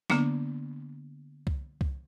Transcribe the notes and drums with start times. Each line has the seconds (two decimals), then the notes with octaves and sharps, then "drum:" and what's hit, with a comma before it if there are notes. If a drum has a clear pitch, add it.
0.10 D3 A#3 B3 D4, drum: snare
1.47 drum: kick C2
1.81 drum: kick C2